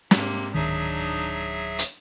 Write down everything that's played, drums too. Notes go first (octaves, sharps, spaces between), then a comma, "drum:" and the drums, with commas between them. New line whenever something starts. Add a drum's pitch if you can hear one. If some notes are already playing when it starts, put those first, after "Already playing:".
G#2 C3 A#3, drum: snare
D1 D#3 F#3 D4 D#4 G#4 E5
drum: hi-hat